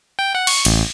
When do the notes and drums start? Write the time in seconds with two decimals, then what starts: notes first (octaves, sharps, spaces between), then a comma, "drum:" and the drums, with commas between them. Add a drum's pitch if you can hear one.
0.19 G5
0.35 F#5
0.47 C#6, drum: cymbal
0.65 A1, drum: cymbal